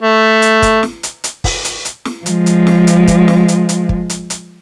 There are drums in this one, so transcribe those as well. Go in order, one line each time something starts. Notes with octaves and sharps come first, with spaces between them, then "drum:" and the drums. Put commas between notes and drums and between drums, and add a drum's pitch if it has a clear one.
A3
drum: hi-hat
drum: kick, hi-hat
drum: snare
drum: hi-hat
drum: hi-hat
drum: kick, open hi-hat
drum: hi-hat
drum: hi-hat
drum: snare
F3 G#3, drum: hi-hat
drum: hi-hat
drum: snare
drum: hi-hat
drum: kick, hi-hat
drum: snare
drum: hi-hat
drum: hi-hat
drum: kick
drum: hi-hat
drum: hi-hat